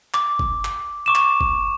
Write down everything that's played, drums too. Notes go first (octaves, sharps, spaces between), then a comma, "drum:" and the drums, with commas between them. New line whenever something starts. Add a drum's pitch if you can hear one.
D6, drum: clap
drum: kick G1
drum: clap
C#6 D6 E7
drum: clap
drum: kick G1